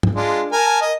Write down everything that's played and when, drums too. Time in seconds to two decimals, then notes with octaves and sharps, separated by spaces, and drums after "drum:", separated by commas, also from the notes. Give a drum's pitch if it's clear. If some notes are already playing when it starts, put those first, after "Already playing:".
0.03 drum: tom
0.15 G#3 D4 F4
0.52 A#4 G#5 A5
0.81 D#5